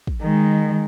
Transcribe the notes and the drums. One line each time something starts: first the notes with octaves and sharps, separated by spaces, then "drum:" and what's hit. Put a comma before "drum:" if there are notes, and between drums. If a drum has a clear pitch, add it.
drum: kick
D#3 G#3